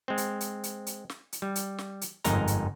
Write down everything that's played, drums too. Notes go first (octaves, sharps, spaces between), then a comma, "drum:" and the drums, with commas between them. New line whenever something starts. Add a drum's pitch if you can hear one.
G#3 C4
drum: hi-hat
drum: hi-hat
drum: hi-hat
drum: hi-hat
drum: snare
drum: hi-hat
G3
drum: hi-hat
drum: snare
drum: hi-hat
G1 F2 G#2 D#4 A#4 A#5, drum: hi-hat
drum: hi-hat